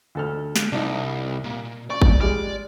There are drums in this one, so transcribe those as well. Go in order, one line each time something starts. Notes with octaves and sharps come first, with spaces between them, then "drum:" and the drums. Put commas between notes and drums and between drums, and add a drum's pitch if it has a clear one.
D2 A4 F6
drum: snare
C2 D4 D#4
A#2
D5 C#6
drum: kick G#1
G3 G#3 D5 F6